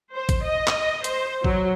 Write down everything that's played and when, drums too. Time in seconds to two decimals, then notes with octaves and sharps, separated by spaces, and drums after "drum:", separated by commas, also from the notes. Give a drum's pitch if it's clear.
0.13 C5
0.29 drum: kick, hi-hat
0.44 D#5
0.67 drum: clap
1.04 C5, drum: hi-hat
1.44 F#3, drum: kick